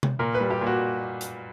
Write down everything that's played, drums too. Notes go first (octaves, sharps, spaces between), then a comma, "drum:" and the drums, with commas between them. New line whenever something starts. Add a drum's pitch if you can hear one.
drum: tom C3
A#2 A#4
B4
G3
G4
A#2
F#4
drum: hi-hat